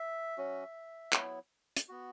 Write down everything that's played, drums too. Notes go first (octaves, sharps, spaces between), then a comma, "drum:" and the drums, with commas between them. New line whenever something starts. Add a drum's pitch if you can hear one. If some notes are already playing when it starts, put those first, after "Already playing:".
Already playing: E5
F#3 C#4 F#4
F#3 B3 E4, drum: clap
drum: hi-hat
B3 F#4